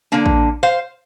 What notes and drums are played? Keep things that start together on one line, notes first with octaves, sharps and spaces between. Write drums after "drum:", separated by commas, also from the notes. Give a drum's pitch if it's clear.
D3 A#3 D4
drum: kick A1
C5 F5